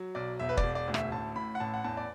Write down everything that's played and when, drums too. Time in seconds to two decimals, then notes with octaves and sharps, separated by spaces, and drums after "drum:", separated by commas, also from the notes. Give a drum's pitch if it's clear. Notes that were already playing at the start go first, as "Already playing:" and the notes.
Already playing: F#3
0.15 B1 D5
0.40 E1 E5
0.49 B4
0.57 D5, drum: kick
0.63 E1
0.75 D5
0.88 D2
0.94 E5, drum: rim click
1.12 A1 A5
1.36 A2 B5
1.55 F#5
1.60 A1 A5
1.74 F#5
1.84 E2 A5
1.97 D5